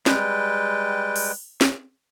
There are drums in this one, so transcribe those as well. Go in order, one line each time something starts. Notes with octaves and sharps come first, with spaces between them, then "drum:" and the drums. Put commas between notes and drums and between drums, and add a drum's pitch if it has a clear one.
G3 G#3 B4 G5, drum: snare
drum: open hi-hat
drum: snare